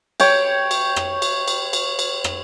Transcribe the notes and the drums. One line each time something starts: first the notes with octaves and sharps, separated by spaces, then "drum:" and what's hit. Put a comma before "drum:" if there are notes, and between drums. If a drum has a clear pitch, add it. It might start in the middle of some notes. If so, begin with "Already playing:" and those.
C#5 G5, drum: cymbal
drum: cymbal
drum: rim click
drum: cymbal
drum: cymbal
drum: cymbal
drum: cymbal
drum: rim click